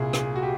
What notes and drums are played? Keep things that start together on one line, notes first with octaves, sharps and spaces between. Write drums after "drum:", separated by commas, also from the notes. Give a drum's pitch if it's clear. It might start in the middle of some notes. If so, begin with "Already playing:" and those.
Already playing: C2 A#2 G#4
G#4, drum: rim click
F#4
G4